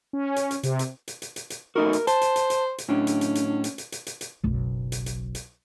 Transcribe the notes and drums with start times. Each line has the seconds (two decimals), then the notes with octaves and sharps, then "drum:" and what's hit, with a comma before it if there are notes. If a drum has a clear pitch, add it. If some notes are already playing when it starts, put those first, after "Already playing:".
0.13 C#4
0.36 drum: hi-hat
0.51 drum: hi-hat
0.63 C3, drum: hi-hat
0.79 drum: hi-hat
1.08 drum: hi-hat
1.22 drum: hi-hat
1.36 drum: hi-hat
1.50 drum: hi-hat
1.76 A3 D#4 F#4 A#4
1.93 drum: hi-hat
2.07 C5 A5, drum: hi-hat
2.21 drum: hi-hat
2.36 drum: hi-hat
2.50 drum: hi-hat
2.78 drum: hi-hat
2.89 A2 C#4 D4
3.07 drum: hi-hat
3.21 drum: hi-hat
3.35 drum: hi-hat
3.64 drum: hi-hat
3.78 drum: hi-hat
3.92 drum: hi-hat
4.07 drum: hi-hat
4.21 drum: hi-hat
4.44 F#1 B1
4.92 drum: hi-hat
5.06 drum: hi-hat
5.35 drum: hi-hat